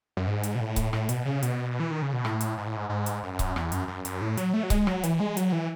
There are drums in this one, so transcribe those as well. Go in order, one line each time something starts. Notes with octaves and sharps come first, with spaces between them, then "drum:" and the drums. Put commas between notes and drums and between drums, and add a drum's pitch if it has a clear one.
F#2
G#2
drum: hi-hat
B2
A2
drum: kick C#1, hi-hat
A2, drum: rim click
B2, drum: hi-hat
C#3
B2, drum: hi-hat
E3
D#3
C#3
B2
A2, drum: rim click
drum: hi-hat
G#2
A2
G#2
G#2
drum: hi-hat
F#2
drum: kick C#1, hi-hat
E2, drum: rim click
F#2, drum: hi-hat
F#2
F#2, drum: hi-hat
A2
F#3, drum: hi-hat
A3
F#3
G#3, drum: kick C#1, hi-hat
F#3, drum: rim click
E3, drum: hi-hat
G#3
F#3, drum: hi-hat
E3